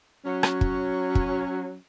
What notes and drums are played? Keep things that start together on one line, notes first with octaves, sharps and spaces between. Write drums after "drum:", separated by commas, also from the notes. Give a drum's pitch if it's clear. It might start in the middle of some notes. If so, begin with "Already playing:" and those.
F#3 C#4
drum: rim click
drum: kick
drum: kick